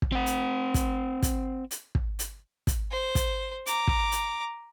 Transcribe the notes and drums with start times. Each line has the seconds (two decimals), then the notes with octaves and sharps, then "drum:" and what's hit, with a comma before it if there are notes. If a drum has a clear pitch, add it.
0.02 drum: kick
0.12 C4 F#5
0.26 drum: hi-hat
0.74 drum: kick, hi-hat
1.23 drum: kick, hi-hat
1.71 drum: hi-hat
1.95 drum: kick
2.19 drum: hi-hat
2.67 drum: kick, hi-hat
2.91 C5
3.15 drum: kick, hi-hat
3.66 A#5 D6, drum: hi-hat
3.88 drum: kick
4.12 drum: hi-hat